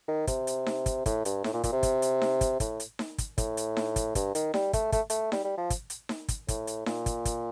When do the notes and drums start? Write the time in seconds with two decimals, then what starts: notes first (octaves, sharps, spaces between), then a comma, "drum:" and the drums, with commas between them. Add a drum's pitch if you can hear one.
0.08 D#3
0.27 C3, drum: kick, hi-hat
0.47 drum: hi-hat
0.66 drum: snare D#4
0.86 drum: kick, hi-hat
1.06 A2, drum: kick, hi-hat
1.25 G2, drum: hi-hat
1.44 A2, drum: snare D#4
1.54 A#2
1.64 A#2, drum: kick, hi-hat
1.72 C3
1.83 drum: kick, hi-hat
2.02 drum: hi-hat
2.22 drum: snare D#4
2.41 drum: kick, hi-hat
2.60 A2, drum: kick, hi-hat
2.80 drum: hi-hat
2.99 drum: snare D#4
3.18 drum: kick, hi-hat
3.38 A2, drum: kick, hi-hat
3.57 drum: hi-hat
3.77 drum: snare D#4
3.96 drum: kick, hi-hat
4.15 G2, drum: kick, hi-hat
4.35 D#3, drum: hi-hat
4.54 G3, drum: snare D#4
4.73 A3, drum: kick, hi-hat
4.92 A3, drum: kick, hi-hat
5.10 A3, drum: hi-hat
5.32 G3, drum: snare D#4
5.45 G3
5.58 F3
5.70 drum: kick, hi-hat
5.90 drum: hi-hat
6.09 drum: snare D#4
6.29 drum: kick, hi-hat
6.48 A2, drum: kick, hi-hat
6.67 drum: hi-hat
6.86 A#2, drum: snare D#4
7.06 drum: kick, hi-hat
7.25 drum: kick, hi-hat